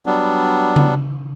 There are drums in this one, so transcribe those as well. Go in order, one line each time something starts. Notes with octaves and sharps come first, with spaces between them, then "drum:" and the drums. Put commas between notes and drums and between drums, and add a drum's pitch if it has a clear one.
F#3 G3 B3 D4
drum: tom C#3